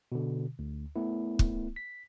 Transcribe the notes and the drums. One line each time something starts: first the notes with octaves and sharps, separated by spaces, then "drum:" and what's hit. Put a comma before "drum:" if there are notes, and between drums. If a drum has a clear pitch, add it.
B2 D3
D2
A3 B3 E4
drum: kick
B6